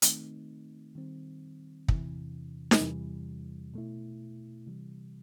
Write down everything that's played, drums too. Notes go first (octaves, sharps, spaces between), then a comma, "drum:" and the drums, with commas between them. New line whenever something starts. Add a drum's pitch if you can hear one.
D#3 A3 C4 D#4, drum: hi-hat
D#3 G3 C4
E2 C3 E3, drum: kick
drum: snare D#4
E2 C3 E3 G3
B2 A3 E4
C3 E3 G3